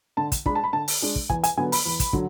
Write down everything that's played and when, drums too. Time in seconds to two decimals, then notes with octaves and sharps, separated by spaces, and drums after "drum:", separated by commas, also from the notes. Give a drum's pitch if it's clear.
0.17 D3 A5
0.32 drum: kick, hi-hat
0.46 G#3 D4 B5, drum: kick
0.55 A5
0.64 B5
0.73 D3 A5
0.88 drum: open hi-hat
1.02 G#3 D4
1.16 drum: kick
1.30 E2 G#5, drum: kick
1.44 G#5, drum: hi-hat
1.57 D3 F#3 B3 G#5
1.72 B5, drum: open hi-hat
1.86 E2
2.00 drum: kick, hi-hat
2.13 D3 F#3, drum: kick